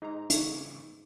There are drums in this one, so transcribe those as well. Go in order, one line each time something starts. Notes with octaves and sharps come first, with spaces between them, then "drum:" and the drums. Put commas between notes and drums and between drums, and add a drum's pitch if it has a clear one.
G#2 D#4 G#4 A#5
E2 C#3 C#5, drum: hi-hat